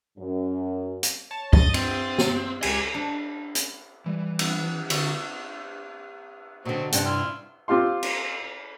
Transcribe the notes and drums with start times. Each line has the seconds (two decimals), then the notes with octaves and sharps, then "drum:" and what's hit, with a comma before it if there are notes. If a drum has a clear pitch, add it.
0.17 F#2
1.03 drum: hi-hat
1.31 C#5 A5
1.53 D#5 A6 D#7, drum: kick
1.74 C4, drum: cymbal
2.18 drum: snare
2.63 C#2 G4 G#5 G#6, drum: cymbal
2.94 D4
3.55 drum: hi-hat
4.06 E3 G3
4.39 drum: cymbal
4.90 D3 F#4 E5 F#5, drum: cymbal
6.65 B2 D3 F#3 C4
6.92 G2 C3 D4 F#5 G5 A5, drum: hi-hat
7.06 E4 C6 F6
7.68 C4 F4 G4 F5 C6
8.03 drum: cymbal